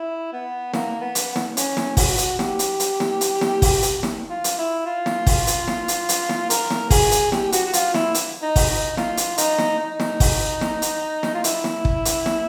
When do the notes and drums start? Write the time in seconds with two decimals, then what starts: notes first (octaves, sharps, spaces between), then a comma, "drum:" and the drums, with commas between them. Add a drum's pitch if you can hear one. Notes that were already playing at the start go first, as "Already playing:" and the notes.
Already playing: E4
0.33 B3
0.74 A#3, drum: snare
1.01 B3
1.15 drum: hi-hat
1.36 drum: snare
1.57 C#4, drum: hi-hat
1.77 drum: snare
1.97 F#4, drum: kick, open hi-hat
2.18 drum: hi-hat
2.39 G4, drum: snare
2.59 drum: hi-hat
2.80 drum: hi-hat
3.00 drum: snare
3.21 drum: hi-hat
3.41 drum: snare
3.62 drum: kick, open hi-hat
3.82 drum: hi-hat
4.03 drum: snare
4.30 F4
4.44 drum: hi-hat
4.59 E4
4.86 F4
5.06 drum: snare
5.26 drum: kick, open hi-hat
5.47 drum: hi-hat
5.68 drum: snare
5.88 drum: hi-hat
6.09 drum: hi-hat
6.29 drum: snare
6.50 A#4, drum: hi-hat
6.70 drum: snare
6.90 G#4, drum: kick, open hi-hat
7.12 drum: hi-hat
7.32 G4, drum: snare
7.52 F#4, drum: hi-hat
7.66 F#4
7.73 F4, drum: hi-hat
7.94 E4, drum: snare
8.14 drum: hi-hat
8.42 D#4
8.56 drum: kick, open hi-hat
8.70 D#4
8.97 F4, drum: snare
9.17 drum: hi-hat
9.38 D#4, drum: hi-hat
9.58 drum: snare
9.80 D#4
10.00 drum: snare
10.20 drum: kick, open hi-hat
10.61 drum: snare
10.82 drum: hi-hat
11.23 drum: snare
11.35 F4
11.44 E4, drum: hi-hat
11.64 drum: snare
11.85 drum: kick
12.05 drum: hi-hat
12.26 drum: snare